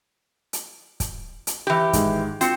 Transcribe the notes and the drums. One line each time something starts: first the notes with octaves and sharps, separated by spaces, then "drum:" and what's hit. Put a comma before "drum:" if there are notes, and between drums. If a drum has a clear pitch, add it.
drum: hi-hat
drum: kick, hi-hat
drum: hi-hat
E3 G4
G#2 D#3 G#3, drum: kick, hi-hat
C4 F4 F#4 C#7, drum: hi-hat